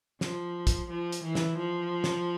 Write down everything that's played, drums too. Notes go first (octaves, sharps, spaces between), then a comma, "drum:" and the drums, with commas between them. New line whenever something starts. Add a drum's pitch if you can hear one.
F3, drum: snare
drum: kick, hi-hat
F3
drum: hi-hat
E3
drum: snare
F3
drum: snare